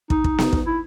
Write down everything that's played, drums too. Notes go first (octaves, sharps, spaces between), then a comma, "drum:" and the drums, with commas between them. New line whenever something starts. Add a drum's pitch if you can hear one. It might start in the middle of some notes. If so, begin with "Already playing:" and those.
D#4, drum: kick
drum: kick
drum: snare B3
drum: kick
E4